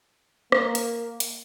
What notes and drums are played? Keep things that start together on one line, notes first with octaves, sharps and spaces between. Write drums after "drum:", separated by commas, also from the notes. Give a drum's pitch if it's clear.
A#3, drum: rim click
drum: hi-hat
drum: hi-hat